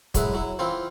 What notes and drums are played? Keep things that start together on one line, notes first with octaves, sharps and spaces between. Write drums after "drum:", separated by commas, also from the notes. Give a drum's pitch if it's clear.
F#3 G#3 E4 B4, drum: kick, hi-hat
F#3 E4
E3 C4 E4 F4